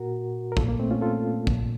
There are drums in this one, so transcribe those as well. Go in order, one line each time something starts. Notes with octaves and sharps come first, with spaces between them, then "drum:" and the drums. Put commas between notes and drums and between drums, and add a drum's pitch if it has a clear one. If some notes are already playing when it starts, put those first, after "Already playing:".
Already playing: A#2 F#4 A#4
A#4
A#2 F4 A4, drum: kick
A#3
A3 C4
C#4 F4
F4 A4
A#2, drum: kick